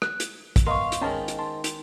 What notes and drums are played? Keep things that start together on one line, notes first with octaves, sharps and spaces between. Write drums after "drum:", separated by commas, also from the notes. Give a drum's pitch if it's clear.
F#6, drum: rim click
drum: hi-hat
drum: kick, hi-hat
B3 A#4 D#5 F5 C6 C#6
drum: hi-hat
D#3 G#3 C#4 A#4 C5 D#5 A5
drum: hi-hat
A5 C6
drum: hi-hat